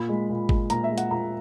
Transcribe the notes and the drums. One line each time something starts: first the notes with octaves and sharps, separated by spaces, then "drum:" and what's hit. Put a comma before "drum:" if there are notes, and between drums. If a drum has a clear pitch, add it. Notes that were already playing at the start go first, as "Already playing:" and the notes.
Already playing: A#2 B5
G#3
A#2
G#3, drum: kick
A#2 A#5, drum: hi-hat
E5
G#3
F#5, drum: hi-hat
A#2 A#5